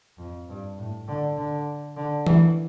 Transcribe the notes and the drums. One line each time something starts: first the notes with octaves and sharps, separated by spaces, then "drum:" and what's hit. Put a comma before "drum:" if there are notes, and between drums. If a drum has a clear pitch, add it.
F2
G2
A2
D3
D3
D3
E3, drum: tom E3